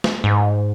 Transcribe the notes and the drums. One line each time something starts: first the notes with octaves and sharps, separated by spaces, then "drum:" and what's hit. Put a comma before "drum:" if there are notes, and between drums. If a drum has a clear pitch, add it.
drum: snare
G#2